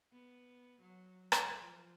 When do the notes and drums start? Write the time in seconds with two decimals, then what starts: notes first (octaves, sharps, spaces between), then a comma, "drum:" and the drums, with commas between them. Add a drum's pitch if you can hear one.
0.12 B3
0.81 F#3
1.32 drum: rim click
1.59 F3